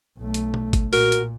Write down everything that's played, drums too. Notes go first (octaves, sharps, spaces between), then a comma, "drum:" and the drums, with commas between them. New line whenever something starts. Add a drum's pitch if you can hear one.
B1 A3
drum: hi-hat
drum: tom B2
drum: kick G#1, hi-hat
A#2 F#4 A#4, drum: open hi-hat
drum: hi-hat